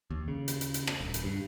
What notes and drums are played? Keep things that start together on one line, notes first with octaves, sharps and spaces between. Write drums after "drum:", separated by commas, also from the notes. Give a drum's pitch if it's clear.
D#2
C#3
drum: hi-hat
drum: hi-hat
drum: hi-hat
drum: rim click
D#1
drum: hi-hat
G2